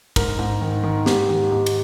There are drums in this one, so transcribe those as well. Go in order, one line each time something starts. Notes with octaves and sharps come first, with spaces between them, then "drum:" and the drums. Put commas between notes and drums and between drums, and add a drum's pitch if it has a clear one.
G#2 A#4, drum: kick, cymbal
G#2
D#3
D#3
G#2 G4, drum: snare
D#3
G#2
drum: cymbal